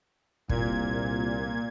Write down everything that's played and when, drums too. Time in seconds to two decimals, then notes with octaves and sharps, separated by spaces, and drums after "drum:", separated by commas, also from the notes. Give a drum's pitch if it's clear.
0.49 C2 A#2 G#6, drum: kick